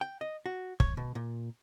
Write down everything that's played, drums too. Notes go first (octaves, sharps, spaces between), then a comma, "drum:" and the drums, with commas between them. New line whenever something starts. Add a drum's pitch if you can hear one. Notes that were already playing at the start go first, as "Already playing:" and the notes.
G5
D#5
F#4
C#5, drum: kick
B2
A#2